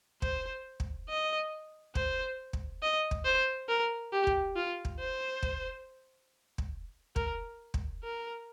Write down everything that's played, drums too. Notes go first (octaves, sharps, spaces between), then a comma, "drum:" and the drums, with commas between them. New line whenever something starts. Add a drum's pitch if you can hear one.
C5, drum: kick
drum: kick
D#5
C5, drum: kick
drum: kick
D#5
drum: kick
C5
A#4
G4
drum: kick
F4
drum: kick
C5
drum: kick
drum: kick
A#4, drum: kick
drum: kick
A#4